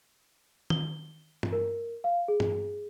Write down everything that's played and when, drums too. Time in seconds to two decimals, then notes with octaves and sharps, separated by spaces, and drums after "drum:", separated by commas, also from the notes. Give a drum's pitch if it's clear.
0.70 G7, drum: tom D#3
1.43 drum: tom G2
1.53 A#4
2.04 F5
2.28 G#4
2.40 drum: tom G2